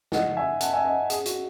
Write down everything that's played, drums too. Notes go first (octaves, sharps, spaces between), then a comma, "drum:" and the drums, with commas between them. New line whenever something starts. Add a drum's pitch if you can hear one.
D#5 F#5, drum: snare
E5 G#5
F#5 A5, drum: hi-hat
E5 G#5
D#5 F#5
G#4, drum: hi-hat
F#4, drum: hi-hat